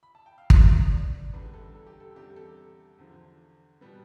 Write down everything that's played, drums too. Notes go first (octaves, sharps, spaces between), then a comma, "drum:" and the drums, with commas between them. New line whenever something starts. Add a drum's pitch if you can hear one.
B5
A5
G5
F5
A2 E3 B3 D4 E5, drum: kick
D5
E2 D3 G3 B3 D4 B4
A4
A4
G4
A4
E2 C3 G3 D4 G4
A4
E2 D3 F3
B2 G3 B3